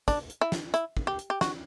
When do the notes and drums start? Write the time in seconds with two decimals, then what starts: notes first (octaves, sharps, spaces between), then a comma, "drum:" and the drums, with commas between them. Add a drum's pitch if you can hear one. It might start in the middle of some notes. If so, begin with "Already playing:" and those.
0.08 D4, drum: kick, hi-hat
0.30 drum: hi-hat
0.41 E4
0.52 drum: snare
0.74 E4, drum: hi-hat
0.97 drum: kick
1.07 G4
1.19 drum: hi-hat
1.30 G4
1.41 F#4, drum: snare